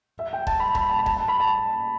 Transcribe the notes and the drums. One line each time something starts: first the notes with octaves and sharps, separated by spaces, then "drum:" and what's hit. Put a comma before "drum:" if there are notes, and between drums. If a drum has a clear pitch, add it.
E5
G5
A5, drum: kick F1
B5
B5, drum: kick F1
A5
B5
A5, drum: kick F1
A5
B5
A5